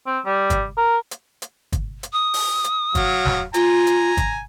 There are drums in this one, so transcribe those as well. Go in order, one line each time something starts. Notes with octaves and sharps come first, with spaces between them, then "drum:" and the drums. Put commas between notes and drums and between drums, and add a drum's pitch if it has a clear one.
C4
G3
drum: kick G1, hi-hat
A#4
drum: hi-hat
drum: hi-hat
drum: kick G1, hi-hat
drum: hi-hat
D#6
drum: open hi-hat
drum: hi-hat
F#3 F#4 F5, drum: kick G1, hi-hat
drum: snare
F4 G#5 A#5, drum: hi-hat
drum: hi-hat
drum: kick G1, hi-hat